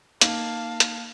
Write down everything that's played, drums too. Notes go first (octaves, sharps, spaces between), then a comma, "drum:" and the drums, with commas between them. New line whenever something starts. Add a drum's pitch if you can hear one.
A#3 D#4 F5 A5, drum: hi-hat
drum: hi-hat